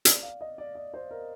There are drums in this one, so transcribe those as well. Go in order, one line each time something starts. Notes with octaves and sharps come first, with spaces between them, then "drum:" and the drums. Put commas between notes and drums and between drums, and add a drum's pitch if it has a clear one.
D5, drum: hi-hat
F5
D#5
D5
D5
C5
A#4